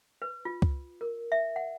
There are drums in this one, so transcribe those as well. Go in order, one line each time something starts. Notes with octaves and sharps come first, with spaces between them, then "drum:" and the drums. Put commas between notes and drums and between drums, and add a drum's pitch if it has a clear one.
B4
F4
drum: kick C#2
A#4
E5
F#5